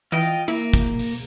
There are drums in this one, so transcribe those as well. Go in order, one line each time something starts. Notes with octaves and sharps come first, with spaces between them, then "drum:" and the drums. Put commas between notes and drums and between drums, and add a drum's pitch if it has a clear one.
E3 F4 D#5 G5
A#3 E4, drum: hi-hat
drum: kick, hi-hat
drum: open hi-hat